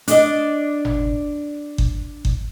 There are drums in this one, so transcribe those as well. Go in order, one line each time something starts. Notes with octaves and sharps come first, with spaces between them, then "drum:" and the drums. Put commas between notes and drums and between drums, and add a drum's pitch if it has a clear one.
D4 D5 D#5, drum: hi-hat
drum: tom G1
drum: kick G1
drum: kick G1